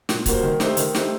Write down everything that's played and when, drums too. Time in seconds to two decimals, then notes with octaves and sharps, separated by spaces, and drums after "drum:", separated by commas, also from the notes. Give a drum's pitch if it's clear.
0.09 A#2, drum: snare
0.26 G3 A#3 F#4 C5, drum: kick C#1, hi-hat
0.43 D#3
0.60 A3 D#4 G4 C5, drum: snare
0.77 D#3, drum: hi-hat
0.95 A3 D#4 G4 C5, drum: snare